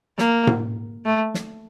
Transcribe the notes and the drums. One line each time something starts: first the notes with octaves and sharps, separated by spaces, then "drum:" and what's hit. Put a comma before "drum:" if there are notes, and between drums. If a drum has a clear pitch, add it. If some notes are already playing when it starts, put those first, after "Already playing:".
A#3, drum: snare
drum: tom A2
A3
drum: snare